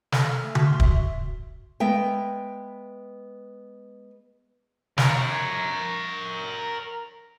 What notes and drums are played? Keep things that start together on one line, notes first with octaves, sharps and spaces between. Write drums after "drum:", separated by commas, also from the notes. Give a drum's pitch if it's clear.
A4, drum: snare
F6
A3
F#4, drum: tom C#3
C6
E5, drum: kick
G#3 B3 E5 G5
A#4 C#5, drum: snare